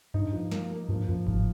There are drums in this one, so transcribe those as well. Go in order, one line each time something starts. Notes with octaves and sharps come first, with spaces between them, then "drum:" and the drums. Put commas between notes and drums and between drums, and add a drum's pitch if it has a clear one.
G2 D#4
F3
A#3, drum: snare
A#3
G2 F3
F#2 F3
G#2 F3, drum: kick G1